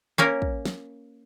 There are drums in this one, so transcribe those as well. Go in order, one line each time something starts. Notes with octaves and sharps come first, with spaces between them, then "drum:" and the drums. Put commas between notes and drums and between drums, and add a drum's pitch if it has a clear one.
A#3 C#4 A#4
drum: kick
drum: snare